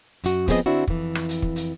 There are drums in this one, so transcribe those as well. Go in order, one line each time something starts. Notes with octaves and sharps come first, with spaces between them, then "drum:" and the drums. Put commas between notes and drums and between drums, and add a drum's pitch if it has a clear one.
F#2 F#4, drum: hi-hat
F3 B3 C4 G#4 C#5 D#5, drum: kick, hi-hat
D3 C4 D4 E4 F#4
F2 E3, drum: kick
drum: rim click
drum: hi-hat
drum: kick
drum: hi-hat